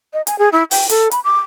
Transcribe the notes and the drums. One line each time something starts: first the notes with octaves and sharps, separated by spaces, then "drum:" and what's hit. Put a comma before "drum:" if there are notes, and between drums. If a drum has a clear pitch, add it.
D#5
G#5, drum: hi-hat
G#4
E4
G5, drum: open hi-hat
A4, drum: hi-hat
B5, drum: hi-hat
D6